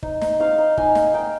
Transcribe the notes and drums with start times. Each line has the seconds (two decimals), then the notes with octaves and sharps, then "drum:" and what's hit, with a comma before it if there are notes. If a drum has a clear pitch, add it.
0.03 D#4, drum: kick
0.21 D#4, drum: snare
0.39 D#4 F5
0.58 D#4
0.77 D#4 G#5, drum: kick
0.95 A#3, drum: snare
1.14 D#4 G5